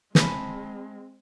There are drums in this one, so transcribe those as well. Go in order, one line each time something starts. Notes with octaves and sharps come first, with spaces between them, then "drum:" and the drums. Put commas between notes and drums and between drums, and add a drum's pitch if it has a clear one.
G#3 C4 G#5 A5 B5, drum: snare